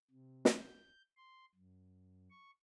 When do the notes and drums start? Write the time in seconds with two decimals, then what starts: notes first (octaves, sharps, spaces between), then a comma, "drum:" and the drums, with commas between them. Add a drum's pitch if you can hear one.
0.11 C3
0.45 drum: snare
0.57 G6
1.16 C6
1.55 F#2
2.30 C#6